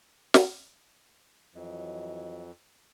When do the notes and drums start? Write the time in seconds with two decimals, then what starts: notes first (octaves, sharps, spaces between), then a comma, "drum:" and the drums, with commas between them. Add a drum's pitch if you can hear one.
0.34 drum: snare
1.55 F2 E3 F#3 D#5